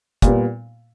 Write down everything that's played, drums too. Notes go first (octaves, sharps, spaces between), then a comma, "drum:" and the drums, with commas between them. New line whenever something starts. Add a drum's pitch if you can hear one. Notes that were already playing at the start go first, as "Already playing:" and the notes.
A#2 G3 B3, drum: kick, hi-hat